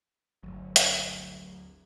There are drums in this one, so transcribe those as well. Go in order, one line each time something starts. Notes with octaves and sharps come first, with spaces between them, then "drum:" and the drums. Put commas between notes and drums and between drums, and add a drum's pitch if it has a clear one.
G1 D2 F#3
drum: hi-hat